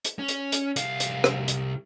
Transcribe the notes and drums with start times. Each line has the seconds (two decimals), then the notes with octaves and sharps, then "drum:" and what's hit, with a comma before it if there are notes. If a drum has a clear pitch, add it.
0.05 drum: hi-hat
0.19 C#4
0.28 drum: hi-hat
0.52 drum: hi-hat
0.76 C2 F5, drum: hi-hat
1.00 drum: hi-hat
1.24 drum: rim click
1.48 drum: hi-hat